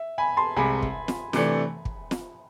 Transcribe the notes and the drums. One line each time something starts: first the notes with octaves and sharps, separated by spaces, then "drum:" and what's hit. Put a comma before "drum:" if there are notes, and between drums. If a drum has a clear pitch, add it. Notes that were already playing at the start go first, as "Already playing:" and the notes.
Already playing: E5
G#5 B5
A5 C6
C2 C3 G#3 G#5 B5
drum: kick
drum: snare
C3 E3 A3 D4, drum: snare
drum: kick
drum: snare